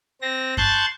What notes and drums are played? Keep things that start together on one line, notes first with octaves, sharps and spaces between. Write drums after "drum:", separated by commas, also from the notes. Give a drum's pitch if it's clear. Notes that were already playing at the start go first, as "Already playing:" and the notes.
C4 A#6
A5 C6 C#6 F#6 G6 A6, drum: kick F#2